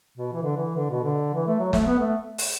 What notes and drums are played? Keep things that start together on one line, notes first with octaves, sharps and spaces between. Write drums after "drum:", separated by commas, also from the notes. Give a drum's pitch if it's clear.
B2
E3
D3
E3
D3
B2
D3
E3
A3
F#3
A3, drum: snare
B3
A3
drum: open hi-hat